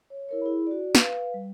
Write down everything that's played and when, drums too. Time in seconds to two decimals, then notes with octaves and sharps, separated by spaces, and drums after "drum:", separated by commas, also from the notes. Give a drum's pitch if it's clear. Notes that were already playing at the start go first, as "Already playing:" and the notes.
0.10 C#5
0.29 E4 A#4 C#5
0.41 E4 G#4 B5
0.67 F#4 D5
0.95 B4 F5, drum: snare
1.34 G3